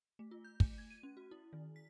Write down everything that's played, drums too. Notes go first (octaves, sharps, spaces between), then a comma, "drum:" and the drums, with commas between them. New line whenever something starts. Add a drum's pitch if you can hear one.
A3
F4
G6
A3, drum: kick
G#6
D#7
C#4
F#4
E4
D#3
B6